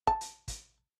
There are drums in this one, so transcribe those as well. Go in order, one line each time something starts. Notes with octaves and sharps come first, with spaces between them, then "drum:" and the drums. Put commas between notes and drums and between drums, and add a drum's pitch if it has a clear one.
A5, drum: kick
drum: hi-hat
drum: kick, hi-hat